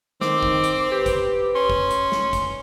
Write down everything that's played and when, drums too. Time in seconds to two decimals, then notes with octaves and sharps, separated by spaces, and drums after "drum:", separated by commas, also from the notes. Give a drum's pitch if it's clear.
0.21 D#3 C4 D6, drum: snare
0.43 drum: kick
0.64 drum: hi-hat
0.92 G4 B4
1.06 drum: kick, hi-hat
1.55 C#4 C6
1.70 drum: kick
1.91 drum: hi-hat
2.12 drum: snare
2.33 drum: kick, hi-hat